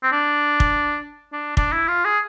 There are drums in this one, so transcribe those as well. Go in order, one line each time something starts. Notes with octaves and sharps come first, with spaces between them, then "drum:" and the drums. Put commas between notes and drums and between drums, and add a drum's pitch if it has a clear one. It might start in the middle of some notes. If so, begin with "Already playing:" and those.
C4
D4
drum: kick
D4
D4, drum: kick
E4
F4
G#4